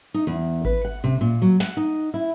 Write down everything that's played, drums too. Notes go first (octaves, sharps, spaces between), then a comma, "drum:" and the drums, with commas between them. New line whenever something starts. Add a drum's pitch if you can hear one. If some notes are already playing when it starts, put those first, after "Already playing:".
D#4
E2
B4, drum: kick G#1
F#5
C3
A#2
F#3
F#5, drum: snare
D#4
E4